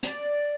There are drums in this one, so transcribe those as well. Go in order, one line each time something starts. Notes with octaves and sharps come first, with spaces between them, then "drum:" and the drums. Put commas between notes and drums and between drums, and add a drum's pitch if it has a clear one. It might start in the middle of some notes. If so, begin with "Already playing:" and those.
D5, drum: hi-hat